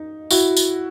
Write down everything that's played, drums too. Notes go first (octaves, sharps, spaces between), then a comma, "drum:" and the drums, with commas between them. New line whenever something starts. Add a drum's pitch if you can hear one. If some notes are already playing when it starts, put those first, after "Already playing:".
Already playing: D#4
E4 F#4, drum: tambourine
drum: tambourine